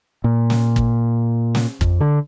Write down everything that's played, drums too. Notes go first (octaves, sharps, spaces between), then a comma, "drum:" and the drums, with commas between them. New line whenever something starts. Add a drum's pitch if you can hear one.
A#2
drum: snare
drum: kick
drum: snare
F2, drum: kick
D3